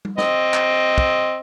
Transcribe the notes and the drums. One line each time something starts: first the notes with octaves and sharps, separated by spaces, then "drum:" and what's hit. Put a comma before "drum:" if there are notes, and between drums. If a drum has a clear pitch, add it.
drum: tom G3
C4 D#5, drum: snare
drum: clap
drum: kick